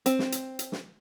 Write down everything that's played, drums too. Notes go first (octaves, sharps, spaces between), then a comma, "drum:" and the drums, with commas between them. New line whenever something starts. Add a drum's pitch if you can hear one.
C4, drum: hi-hat
drum: snare
drum: hi-hat
drum: hi-hat
drum: snare